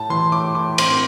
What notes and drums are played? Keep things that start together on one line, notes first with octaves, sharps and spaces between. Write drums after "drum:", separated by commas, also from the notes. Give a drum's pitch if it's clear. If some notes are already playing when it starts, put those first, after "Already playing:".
Already playing: A2 A5
E3 C6
A2 D6
A2 D6
C4 C6, drum: cymbal